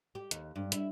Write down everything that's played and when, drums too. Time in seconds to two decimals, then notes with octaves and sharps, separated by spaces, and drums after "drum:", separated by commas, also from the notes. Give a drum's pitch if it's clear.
0.15 G4
0.31 D#2, drum: hi-hat
0.56 G2
0.72 E4, drum: hi-hat